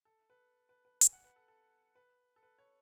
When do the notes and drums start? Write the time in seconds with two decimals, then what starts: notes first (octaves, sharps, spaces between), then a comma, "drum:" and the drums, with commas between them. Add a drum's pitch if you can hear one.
0.05 A4
0.30 B4
0.69 B4
0.85 B4
1.01 G#5, drum: hi-hat
1.13 F#5
1.24 B4
1.36 A4
1.48 A4
1.95 B4
2.36 A4
2.43 B4
2.58 C#5